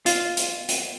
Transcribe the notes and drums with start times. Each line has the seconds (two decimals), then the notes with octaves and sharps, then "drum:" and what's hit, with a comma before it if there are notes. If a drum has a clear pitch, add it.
0.06 F4, drum: hi-hat
0.37 drum: hi-hat
0.69 drum: hi-hat